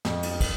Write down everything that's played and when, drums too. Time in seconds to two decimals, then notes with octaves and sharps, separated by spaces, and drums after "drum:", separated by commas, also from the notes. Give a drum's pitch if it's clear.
0.05 F2, drum: snare
0.23 drum: cymbal
0.41 drum: kick, cymbal